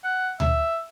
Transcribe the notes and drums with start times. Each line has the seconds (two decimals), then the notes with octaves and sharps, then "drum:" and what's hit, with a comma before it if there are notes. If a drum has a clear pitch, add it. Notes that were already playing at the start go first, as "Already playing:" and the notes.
0.04 F#5
0.40 E5, drum: tom D2